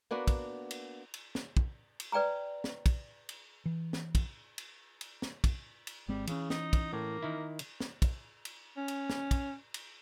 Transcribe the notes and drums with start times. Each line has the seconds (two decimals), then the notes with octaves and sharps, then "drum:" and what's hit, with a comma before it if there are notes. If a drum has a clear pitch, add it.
0.11 A#3 B3 D4 F#4
0.27 drum: kick, cymbal
0.71 drum: cymbal
1.14 drum: cymbal
1.35 drum: snare
1.57 drum: kick
2.00 drum: cymbal
2.12 B4 D5 G5 G#5 A#5
2.64 drum: snare
2.86 drum: kick, cymbal
3.29 drum: cymbal
3.66 E3
3.93 drum: snare
4.15 drum: kick, cymbal
4.58 drum: cymbal
5.01 drum: cymbal
5.22 drum: snare
5.44 drum: kick, cymbal
5.87 drum: cymbal
6.08 G#1 G3 G#3 C4
6.27 C#3 E3 C#4, drum: cymbal
6.50 D#4, drum: snare
6.73 drum: kick, cymbal
6.93 A2 A#3
7.23 D#3 E4
7.59 drum: cymbal
7.80 drum: snare
8.02 drum: kick, cymbal
8.45 drum: cymbal
8.77 C#4
8.88 drum: cymbal
9.10 drum: snare
9.31 drum: kick, cymbal
9.74 drum: cymbal